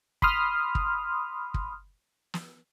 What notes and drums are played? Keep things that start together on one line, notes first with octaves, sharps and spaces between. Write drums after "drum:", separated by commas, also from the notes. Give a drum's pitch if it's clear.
B5 C6 D#6 F6, drum: kick
drum: kick
drum: kick
drum: snare